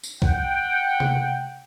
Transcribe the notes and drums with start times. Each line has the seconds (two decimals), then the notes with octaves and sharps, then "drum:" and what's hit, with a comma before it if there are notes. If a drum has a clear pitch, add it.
0.04 drum: tambourine
0.22 F#5 G5, drum: kick C2
1.00 drum: tom C3